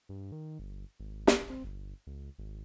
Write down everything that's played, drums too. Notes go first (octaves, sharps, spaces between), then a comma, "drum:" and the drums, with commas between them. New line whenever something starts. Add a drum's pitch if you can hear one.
G2
D#3
G1
G#1
drum: snare
C4
G1
C#2
G#1